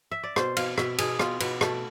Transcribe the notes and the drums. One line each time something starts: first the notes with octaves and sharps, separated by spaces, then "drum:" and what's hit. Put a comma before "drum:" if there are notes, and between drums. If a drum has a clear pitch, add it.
E5
D5
B2 C5, drum: rim click
B2 F5, drum: cymbal
B2 E5, drum: rim click
B2 G#4, drum: cymbal
B2 F4, drum: rim click
B2 B3, drum: cymbal
B2 A3, drum: rim click